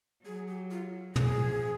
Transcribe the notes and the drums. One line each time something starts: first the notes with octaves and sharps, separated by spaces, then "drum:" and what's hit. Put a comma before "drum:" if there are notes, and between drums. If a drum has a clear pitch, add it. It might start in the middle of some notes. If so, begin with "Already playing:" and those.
F#3 G#4
G4
F4
F3 G#4, drum: tom